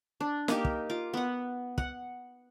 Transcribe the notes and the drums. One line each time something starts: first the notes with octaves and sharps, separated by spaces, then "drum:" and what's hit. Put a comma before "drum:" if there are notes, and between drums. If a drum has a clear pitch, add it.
D4
A#3 D#4 G4, drum: snare
drum: kick
F4 D6
B3 F#5
F#5, drum: kick